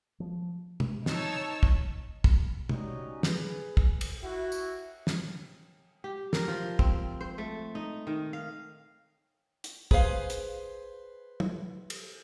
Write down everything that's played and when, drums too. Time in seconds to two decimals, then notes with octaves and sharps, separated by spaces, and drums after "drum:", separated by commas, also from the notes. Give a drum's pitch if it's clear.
0.20 F3
0.80 drum: tom
1.06 D#4 C#5 A5 E6, drum: snare
1.63 drum: kick
2.24 drum: kick
2.69 F#3 G3 C#4 D#4, drum: tom
3.23 G#4 B4, drum: snare
3.77 drum: kick
4.01 drum: cymbal
4.22 E4 F#4
4.52 drum: tambourine
5.07 drum: snare
6.04 G4
6.33 A#4, drum: snare
6.48 F3
6.79 C4, drum: kick
7.21 C5
7.38 A3
7.75 D#4
8.07 D#3
8.33 F5
9.64 drum: hi-hat
9.91 G#4 B4 C5 F5, drum: kick
10.30 drum: hi-hat
11.40 drum: tom
11.90 drum: cymbal